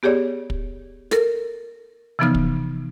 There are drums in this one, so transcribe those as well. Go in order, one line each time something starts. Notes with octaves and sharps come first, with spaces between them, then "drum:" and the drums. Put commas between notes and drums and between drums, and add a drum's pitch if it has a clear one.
B3 G4 G#4 C#5 D5
drum: kick
A4 A#4, drum: snare
C3 E3 F3 B3 D#4 F6
drum: kick